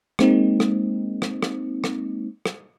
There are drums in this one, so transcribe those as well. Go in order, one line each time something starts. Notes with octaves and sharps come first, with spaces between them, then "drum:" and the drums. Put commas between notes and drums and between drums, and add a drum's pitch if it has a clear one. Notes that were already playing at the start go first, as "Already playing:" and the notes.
G#3 A#3 C4 D#4, drum: rim click
drum: rim click
drum: rim click
drum: rim click
drum: rim click
drum: rim click